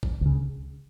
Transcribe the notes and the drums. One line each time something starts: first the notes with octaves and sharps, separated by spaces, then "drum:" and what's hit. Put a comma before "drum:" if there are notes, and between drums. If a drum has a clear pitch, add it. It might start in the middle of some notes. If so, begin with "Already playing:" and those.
drum: kick
C#2 C#3